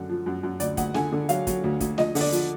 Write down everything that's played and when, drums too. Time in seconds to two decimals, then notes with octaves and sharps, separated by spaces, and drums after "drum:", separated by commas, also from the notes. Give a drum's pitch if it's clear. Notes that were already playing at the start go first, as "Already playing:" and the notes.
Already playing: F#2 D3
0.09 F3
0.26 F#2
0.43 F#2
0.60 D2 D5, drum: hi-hat
0.77 D2 F#5, drum: kick, hi-hat
0.94 D3 G#5, drum: snare
1.12 D3
1.29 F#3 F5, drum: hi-hat
1.47 F#3, drum: kick, hi-hat
1.64 D2
1.80 D2, drum: kick, hi-hat
1.98 F3 D#5, drum: snare
2.15 D3, drum: open hi-hat
2.21 D5
2.32 F3, drum: hi-hat